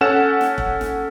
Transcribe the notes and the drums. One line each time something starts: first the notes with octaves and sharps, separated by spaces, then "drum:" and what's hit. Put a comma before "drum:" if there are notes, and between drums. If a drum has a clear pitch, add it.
C#4 A4 F#5 E7
drum: snare
drum: kick E1
drum: snare